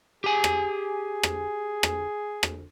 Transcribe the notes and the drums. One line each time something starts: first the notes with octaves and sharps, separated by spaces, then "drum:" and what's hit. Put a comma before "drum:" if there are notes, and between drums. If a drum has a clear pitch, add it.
G4 G#4 G#5
drum: rim click
drum: rim click
drum: rim click
drum: rim click